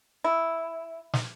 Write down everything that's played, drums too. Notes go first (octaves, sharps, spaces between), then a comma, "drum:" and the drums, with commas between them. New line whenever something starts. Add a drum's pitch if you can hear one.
E4
drum: snare